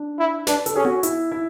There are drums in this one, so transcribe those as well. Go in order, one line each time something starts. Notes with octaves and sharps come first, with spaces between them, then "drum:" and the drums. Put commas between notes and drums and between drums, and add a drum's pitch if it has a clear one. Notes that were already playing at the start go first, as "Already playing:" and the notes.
Already playing: D4
E4
D4 B4, drum: snare
A4, drum: hi-hat
C#4 G#4
F#4, drum: tom B3
E4, drum: hi-hat
E4